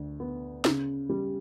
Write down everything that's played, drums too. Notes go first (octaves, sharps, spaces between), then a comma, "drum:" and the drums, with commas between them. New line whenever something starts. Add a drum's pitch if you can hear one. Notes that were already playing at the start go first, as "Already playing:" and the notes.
Already playing: D2
B3
C#3, drum: snare
G3